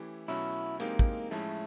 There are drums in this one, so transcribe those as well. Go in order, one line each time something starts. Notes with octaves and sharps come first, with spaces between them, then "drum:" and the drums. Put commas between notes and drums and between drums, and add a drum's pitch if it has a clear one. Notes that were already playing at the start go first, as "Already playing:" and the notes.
Already playing: E3 A3 C#4 E4 G4
B2 F#3 A3 C#4 E4 F#4
E3 G#3 A#3 C4 D#4 G4, drum: hi-hat
drum: kick
A2 F3 G#3 A3 C#4 E4